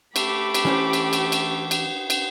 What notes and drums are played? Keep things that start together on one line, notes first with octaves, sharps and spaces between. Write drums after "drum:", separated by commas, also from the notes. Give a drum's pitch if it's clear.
A3 G4 B5 D6, drum: cymbal
drum: cymbal
E3 C#4 C5
drum: cymbal
drum: cymbal
drum: cymbal
drum: cymbal
drum: cymbal